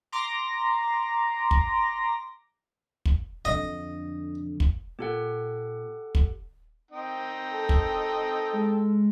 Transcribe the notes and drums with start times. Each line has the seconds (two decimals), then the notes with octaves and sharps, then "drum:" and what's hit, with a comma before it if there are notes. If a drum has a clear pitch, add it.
0.12 A#5 C6 D6 A#6
1.51 drum: kick
3.05 drum: kick
3.45 F2 D3 D#5
4.60 drum: kick
4.99 A#2 G4 A4 F#5
6.15 drum: kick
6.91 C4 D#4 G5
7.53 A4
7.69 drum: kick
8.53 G#3